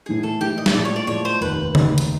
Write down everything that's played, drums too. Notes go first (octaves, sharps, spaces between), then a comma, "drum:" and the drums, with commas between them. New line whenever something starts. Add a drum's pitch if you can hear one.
A2 E3 G#3 G#4
A4
A2 E3 G#3 G4
D#5
E5, drum: snare
A2 F3 G#3 D5
C#5
D5
A2 F3 G#3 C#5
C5
F1 D#2 D#3 B4
F1 D#2 D#3, drum: tom C#3
drum: hi-hat